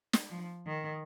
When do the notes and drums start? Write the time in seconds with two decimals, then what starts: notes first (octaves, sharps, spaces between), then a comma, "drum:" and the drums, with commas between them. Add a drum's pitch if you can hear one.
0.13 drum: snare
0.31 F3
0.67 D#3